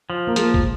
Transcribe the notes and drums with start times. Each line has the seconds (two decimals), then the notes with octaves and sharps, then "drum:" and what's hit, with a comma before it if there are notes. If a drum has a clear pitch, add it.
0.10 F3
0.27 A#3
0.36 F3 G#3, drum: hi-hat
0.54 drum: kick